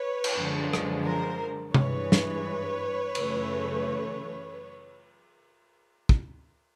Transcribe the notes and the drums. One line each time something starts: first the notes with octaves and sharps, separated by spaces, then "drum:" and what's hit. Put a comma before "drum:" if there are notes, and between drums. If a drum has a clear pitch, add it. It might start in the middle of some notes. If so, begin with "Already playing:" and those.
Already playing: B4 C#5
drum: cymbal
F#2 D3 F3 G#3
drum: rim click
A#4 C5
G2 E3 G#3 B4 C#5, drum: tom
drum: snare
F#2 C#3 E3 A3, drum: cymbal
drum: kick